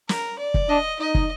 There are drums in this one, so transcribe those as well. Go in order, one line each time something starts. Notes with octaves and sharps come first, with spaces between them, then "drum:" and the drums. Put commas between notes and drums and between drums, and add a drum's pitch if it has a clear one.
A#4, drum: snare
D5
drum: kick
D4 D#5
D#4 D#5
drum: kick